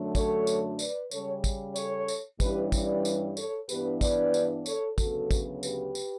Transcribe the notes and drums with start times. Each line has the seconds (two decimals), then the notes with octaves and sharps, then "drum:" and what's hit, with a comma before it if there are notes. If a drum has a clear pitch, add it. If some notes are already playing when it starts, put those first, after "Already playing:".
Already playing: F#2 D3 F#3 A3 D4
0.15 A4 C#5, drum: kick, tambourine
0.47 drum: tambourine
0.79 B4 D5, drum: tambourine
1.11 C#3 G3 C#4 A4 C#5, drum: tambourine
1.44 drum: kick, tambourine
1.76 A4 C#5, drum: tambourine
2.08 drum: tambourine
2.40 G2 E3 G3 C#4 G4 B4, drum: kick, tambourine
2.72 B4 D5, drum: kick, tambourine
3.05 drum: tambourine
3.37 A4 C#5, drum: tambourine
3.69 G2 E3 B3 D4 G4 B4, drum: tambourine
4.01 B4 D5, drum: kick, tambourine
4.34 drum: tambourine
4.66 A4 C#5, drum: tambourine
4.98 D2 C#3 F#3 B3 F#4 A4, drum: kick, tambourine
5.31 drum: kick, tambourine
5.63 G4 B4, drum: tambourine
5.95 drum: tambourine